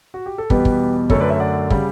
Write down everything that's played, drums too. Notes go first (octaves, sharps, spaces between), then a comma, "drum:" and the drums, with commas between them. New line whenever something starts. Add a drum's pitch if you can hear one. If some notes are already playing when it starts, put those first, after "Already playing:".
F#4
G4
A4
E2 B2 G3 B3 G4 B4, drum: kick
drum: kick
F#2 D3 A3 A4 C#5, drum: kick
B4 D5
C#5 E5
D5 F#5
C#3 G3, drum: kick